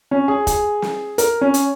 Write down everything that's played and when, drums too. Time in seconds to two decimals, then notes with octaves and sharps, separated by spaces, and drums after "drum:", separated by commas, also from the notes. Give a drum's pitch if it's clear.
0.11 C#4
0.28 G#4
0.47 G#4, drum: kick, hi-hat
0.82 drum: snare
1.18 A#4, drum: hi-hat
1.41 C#4
1.54 drum: hi-hat